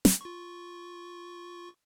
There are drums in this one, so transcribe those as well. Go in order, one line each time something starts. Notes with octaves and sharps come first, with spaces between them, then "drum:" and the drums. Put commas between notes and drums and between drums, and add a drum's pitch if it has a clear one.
drum: snare
F4 C#6